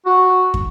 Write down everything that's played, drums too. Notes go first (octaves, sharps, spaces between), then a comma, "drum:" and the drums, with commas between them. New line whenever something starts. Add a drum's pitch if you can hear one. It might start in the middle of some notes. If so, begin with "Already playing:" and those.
F#4
drum: kick